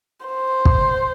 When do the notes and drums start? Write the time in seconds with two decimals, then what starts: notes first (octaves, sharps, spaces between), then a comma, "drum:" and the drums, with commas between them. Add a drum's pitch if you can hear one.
0.26 C5
0.65 drum: kick